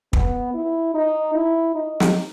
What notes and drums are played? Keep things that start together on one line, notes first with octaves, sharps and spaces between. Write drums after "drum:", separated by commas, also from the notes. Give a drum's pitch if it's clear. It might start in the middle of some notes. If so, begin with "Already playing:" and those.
B3, drum: kick
E4
D#4
E4
D#4
drum: snare